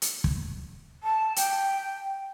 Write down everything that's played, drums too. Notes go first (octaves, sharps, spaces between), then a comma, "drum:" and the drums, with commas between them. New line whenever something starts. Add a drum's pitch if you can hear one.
drum: hi-hat
drum: kick
A5
G5, drum: hi-hat